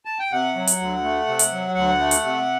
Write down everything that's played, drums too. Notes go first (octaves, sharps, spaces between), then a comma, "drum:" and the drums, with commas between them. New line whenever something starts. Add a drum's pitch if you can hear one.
A5
G5
C3 F#5
F#3
drum: hi-hat
D2
A3
C3
drum: hi-hat
F#3
D2 F#5
A3
drum: hi-hat
C3